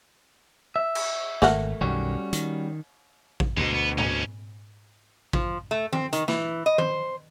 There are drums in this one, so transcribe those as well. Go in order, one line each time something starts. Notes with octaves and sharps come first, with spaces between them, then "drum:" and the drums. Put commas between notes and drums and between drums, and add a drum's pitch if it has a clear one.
E5
drum: cymbal
G#1 A3 A#4 F#5, drum: snare
B1 F#2 D#3 G3 C#4 F#4
D#3, drum: hi-hat
drum: kick A1
D2 B2 G#3 D#4
B3
C#4 D#4, drum: tom G#2
F3, drum: kick A1
A3
C4, drum: tom D#3
D#3, drum: hi-hat
E3, drum: snare
D#5
C5, drum: tom D#3